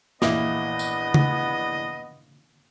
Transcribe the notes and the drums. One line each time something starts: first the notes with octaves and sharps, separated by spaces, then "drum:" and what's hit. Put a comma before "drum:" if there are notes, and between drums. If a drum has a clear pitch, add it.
A#1 E3 A#3 B3 D#5 E5 D#6, drum: snare
drum: tambourine
drum: tom C#3